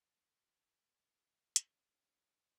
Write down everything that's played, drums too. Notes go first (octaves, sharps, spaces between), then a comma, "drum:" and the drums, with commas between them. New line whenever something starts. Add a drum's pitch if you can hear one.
G#3 C#4 D#4, drum: hi-hat